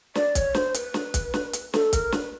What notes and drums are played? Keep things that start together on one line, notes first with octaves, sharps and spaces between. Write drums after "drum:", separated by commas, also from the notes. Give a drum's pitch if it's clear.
D5, drum: snare
C#5, drum: kick, hi-hat
C5, drum: snare
B4, drum: hi-hat
drum: snare
drum: kick, hi-hat
drum: snare
drum: hi-hat
A4, drum: snare
A#4, drum: kick, hi-hat
B4, drum: snare